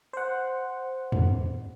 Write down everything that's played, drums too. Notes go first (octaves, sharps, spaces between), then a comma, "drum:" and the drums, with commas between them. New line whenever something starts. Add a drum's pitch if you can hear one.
C5 F#5
drum: tom E2